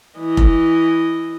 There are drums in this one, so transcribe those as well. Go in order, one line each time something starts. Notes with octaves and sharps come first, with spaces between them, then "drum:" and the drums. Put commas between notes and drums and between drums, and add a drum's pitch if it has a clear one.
E3 D#5
drum: kick F1